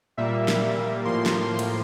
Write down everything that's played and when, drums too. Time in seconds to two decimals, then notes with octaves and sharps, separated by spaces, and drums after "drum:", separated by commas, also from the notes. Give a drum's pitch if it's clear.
0.17 A#2 G3 A#3 E5
0.48 drum: snare
1.05 A2 F3 A#3 C6
1.26 drum: snare
1.59 drum: cymbal